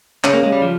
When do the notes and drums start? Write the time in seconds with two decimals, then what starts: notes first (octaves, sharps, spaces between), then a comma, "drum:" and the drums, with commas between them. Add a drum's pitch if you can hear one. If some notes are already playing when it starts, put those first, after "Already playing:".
0.24 C#3 C#4, drum: clap
0.33 A#3
0.43 G#3
0.52 G3
0.62 F3